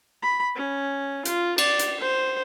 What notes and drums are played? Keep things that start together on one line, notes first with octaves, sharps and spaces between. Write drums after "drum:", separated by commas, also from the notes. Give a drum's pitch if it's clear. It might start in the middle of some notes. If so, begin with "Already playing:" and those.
B5
C#4
F4, drum: hi-hat
D5, drum: cymbal
drum: hi-hat
C5